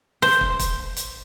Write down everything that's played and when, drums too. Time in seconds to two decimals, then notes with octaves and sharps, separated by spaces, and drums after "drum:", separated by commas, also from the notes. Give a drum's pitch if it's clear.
0.22 C5, drum: snare
0.41 drum: kick
0.59 drum: kick, hi-hat
0.97 drum: hi-hat